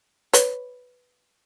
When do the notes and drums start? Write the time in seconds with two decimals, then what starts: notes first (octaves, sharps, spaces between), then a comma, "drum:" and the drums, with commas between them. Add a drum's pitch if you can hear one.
0.33 B4 C#5, drum: hi-hat